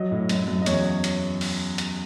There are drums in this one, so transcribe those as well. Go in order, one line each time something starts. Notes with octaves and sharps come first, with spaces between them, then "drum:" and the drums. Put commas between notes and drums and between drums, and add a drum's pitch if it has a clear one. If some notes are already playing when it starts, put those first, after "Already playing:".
Already playing: F#3 D#5
A2
F#2, drum: hi-hat
F#2
D#5
E2 C#5, drum: hi-hat
drum: hi-hat
drum: open hi-hat
drum: hi-hat